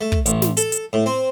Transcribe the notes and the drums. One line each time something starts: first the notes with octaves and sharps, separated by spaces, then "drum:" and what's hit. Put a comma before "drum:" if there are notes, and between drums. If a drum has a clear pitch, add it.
A3
drum: kick
A1, drum: hi-hat
drum: snare
A4, drum: hi-hat
drum: hi-hat
A2
C4